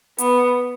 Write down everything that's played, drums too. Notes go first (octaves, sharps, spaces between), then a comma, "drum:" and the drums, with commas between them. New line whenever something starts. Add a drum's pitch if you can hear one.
B3, drum: hi-hat